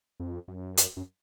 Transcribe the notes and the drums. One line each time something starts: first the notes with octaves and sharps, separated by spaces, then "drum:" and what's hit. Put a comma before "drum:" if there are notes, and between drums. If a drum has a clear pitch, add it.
F2
F#2
drum: hi-hat
F#2